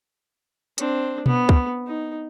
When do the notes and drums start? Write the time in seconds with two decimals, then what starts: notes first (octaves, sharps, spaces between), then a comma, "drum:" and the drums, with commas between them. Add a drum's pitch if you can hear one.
0.78 C4 D4, drum: hi-hat
1.26 B3, drum: tom B2
1.49 drum: kick
1.87 D#4